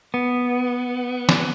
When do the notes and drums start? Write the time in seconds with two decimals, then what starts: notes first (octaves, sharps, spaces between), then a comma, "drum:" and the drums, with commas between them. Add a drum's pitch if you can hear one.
0.14 B3
1.29 drum: snare